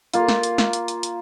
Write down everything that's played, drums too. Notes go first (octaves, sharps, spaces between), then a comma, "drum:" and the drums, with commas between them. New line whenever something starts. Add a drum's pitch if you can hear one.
A#3 F4, drum: hi-hat
drum: snare
drum: hi-hat
drum: snare
drum: hi-hat
drum: hi-hat
drum: hi-hat